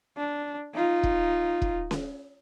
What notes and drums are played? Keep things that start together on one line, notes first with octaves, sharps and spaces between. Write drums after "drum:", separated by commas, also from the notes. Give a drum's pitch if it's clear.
D4
D#4 F4
drum: kick
drum: kick
drum: snare C#4